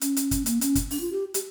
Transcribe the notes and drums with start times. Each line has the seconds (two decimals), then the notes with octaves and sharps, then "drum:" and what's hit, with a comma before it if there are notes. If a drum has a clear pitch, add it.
0.01 C#4, drum: hi-hat
0.16 drum: hi-hat
0.31 drum: kick, hi-hat
0.46 A#3, drum: hi-hat
0.61 C#4, drum: hi-hat
0.75 drum: kick, hi-hat
0.91 D4, drum: open hi-hat
1.01 F4
1.12 G4
1.34 G4, drum: hi-hat